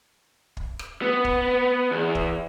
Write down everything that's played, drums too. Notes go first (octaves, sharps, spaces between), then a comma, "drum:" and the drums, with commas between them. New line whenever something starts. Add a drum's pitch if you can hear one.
drum: kick
drum: rim click
B3
drum: kick
E2
drum: kick